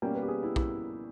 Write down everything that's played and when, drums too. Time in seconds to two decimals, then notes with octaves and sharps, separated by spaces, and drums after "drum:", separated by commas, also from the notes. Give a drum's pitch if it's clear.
0.02 B2 G3 A#3 C#4 G5
0.15 B4
0.23 G4
0.28 G#4
0.43 E4
0.56 E4, drum: kick